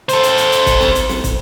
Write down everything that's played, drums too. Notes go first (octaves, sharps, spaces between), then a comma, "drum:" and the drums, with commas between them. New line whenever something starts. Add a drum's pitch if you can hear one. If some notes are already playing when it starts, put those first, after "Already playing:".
A4 C5, drum: hi-hat
drum: hi-hat
drum: hi-hat
drum: hi-hat
drum: kick, hi-hat
drum: snare
drum: hi-hat
drum: snare
drum: kick, hi-hat